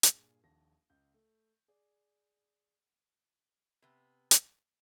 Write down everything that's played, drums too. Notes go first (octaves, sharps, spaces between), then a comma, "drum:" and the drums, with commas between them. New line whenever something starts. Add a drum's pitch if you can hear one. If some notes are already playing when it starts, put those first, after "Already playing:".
G2 A#2 G#4, drum: hi-hat
D#1 A#1 A5 A#6
C#2 C#3 G6
A3
G#4 D5
C3 B3
drum: hi-hat